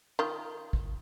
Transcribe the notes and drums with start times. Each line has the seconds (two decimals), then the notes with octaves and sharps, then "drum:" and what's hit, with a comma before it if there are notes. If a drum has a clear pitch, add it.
0.19 D#3 F4
0.73 drum: kick